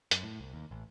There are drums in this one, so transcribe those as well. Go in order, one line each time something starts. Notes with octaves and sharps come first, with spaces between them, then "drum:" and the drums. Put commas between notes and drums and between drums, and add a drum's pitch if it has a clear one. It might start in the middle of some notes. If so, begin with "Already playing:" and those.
F#2, drum: hi-hat
A2
C2
D#2
A1